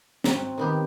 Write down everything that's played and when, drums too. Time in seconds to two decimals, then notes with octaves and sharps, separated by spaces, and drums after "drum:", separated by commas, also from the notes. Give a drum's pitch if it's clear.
0.24 F#3 C4, drum: snare
0.58 D#3 B3 G4